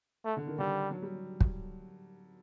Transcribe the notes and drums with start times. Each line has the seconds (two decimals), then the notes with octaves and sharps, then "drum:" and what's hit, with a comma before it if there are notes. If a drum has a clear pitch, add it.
0.25 A3
0.37 D3
0.47 D#3
0.58 D3 G3
0.91 F#3
1.02 G3
1.41 drum: kick